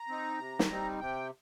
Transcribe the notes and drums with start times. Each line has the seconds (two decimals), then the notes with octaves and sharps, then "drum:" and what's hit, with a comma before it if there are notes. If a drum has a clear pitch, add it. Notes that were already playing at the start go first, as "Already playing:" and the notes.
Already playing: A#5
0.09 C4 D#4
0.39 C3
0.59 drum: snare
0.69 G3 C4 D#4
1.00 C3 G5